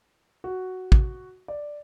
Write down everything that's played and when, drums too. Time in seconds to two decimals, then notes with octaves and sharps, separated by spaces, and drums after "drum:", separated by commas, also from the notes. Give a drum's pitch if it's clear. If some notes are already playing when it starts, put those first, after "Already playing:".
0.44 F#4
0.92 drum: kick
1.48 D5